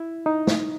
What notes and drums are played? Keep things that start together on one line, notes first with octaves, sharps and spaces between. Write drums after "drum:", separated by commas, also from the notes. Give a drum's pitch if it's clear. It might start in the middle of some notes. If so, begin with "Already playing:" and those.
Already playing: E4
D#4
drum: snare